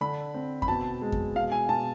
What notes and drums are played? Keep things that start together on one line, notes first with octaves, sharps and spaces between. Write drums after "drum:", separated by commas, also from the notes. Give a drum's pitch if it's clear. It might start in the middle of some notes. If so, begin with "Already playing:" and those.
D3 B5
C4
B5, drum: kick F2
B2 A5
G#3
drum: kick F2
B2 F5
G#5
B2 A5